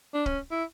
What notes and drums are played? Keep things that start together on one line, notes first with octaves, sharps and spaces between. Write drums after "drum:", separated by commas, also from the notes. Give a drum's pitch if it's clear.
D4
C#4, drum: kick
E4